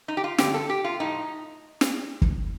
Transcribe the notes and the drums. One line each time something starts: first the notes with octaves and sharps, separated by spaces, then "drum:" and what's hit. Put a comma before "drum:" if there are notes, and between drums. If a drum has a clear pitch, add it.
D#4
G4
F4
G2 D3 F3 G4, drum: snare
A4
G4
F4
A2 F3 D#4
drum: snare
drum: kick